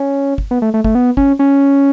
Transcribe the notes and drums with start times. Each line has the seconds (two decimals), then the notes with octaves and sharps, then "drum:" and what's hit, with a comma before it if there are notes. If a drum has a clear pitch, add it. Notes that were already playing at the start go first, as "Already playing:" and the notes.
Already playing: C#4
0.38 drum: kick
0.51 B3
0.62 A3
0.74 A3
0.84 A3, drum: kick
0.95 B3
1.17 C#4, drum: kick
1.39 C#4